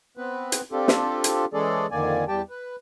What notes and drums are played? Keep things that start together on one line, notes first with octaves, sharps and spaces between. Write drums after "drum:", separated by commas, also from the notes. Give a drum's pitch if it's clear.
B3 C4 B4
drum: hi-hat
C4 D4 F4 G4 A4
drum: snare
drum: hi-hat
E3 G#3 C#4 G#4 A4 D5
F2 D3 D#3 A#3 D5 G#5
E2 G3 G4 G5 A5
B4